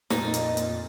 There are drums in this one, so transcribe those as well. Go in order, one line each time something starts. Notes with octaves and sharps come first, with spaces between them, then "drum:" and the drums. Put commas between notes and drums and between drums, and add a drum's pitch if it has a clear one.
F2 A#2 D#4 A6, drum: snare
drum: hi-hat
drum: hi-hat